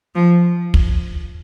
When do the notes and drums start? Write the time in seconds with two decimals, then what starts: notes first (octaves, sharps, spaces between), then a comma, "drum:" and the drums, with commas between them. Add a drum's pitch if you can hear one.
0.15 F3
0.74 drum: kick